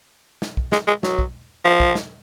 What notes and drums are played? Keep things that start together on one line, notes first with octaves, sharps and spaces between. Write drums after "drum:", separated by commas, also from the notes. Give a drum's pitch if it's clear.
drum: snare
drum: kick
G#3, drum: snare
G#3
F#3, drum: snare
drum: kick
F3
drum: kick
drum: snare